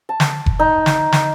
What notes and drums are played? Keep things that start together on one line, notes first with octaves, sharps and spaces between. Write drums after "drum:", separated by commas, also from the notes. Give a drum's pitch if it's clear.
A5
drum: snare
drum: kick F1
D#4
drum: snare
drum: snare